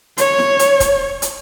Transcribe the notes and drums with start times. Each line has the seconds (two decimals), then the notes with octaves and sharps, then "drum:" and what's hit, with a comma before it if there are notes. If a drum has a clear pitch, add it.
0.18 C#5, drum: hi-hat
0.38 drum: snare E4
0.59 drum: hi-hat
0.80 drum: kick, hi-hat
1.22 drum: hi-hat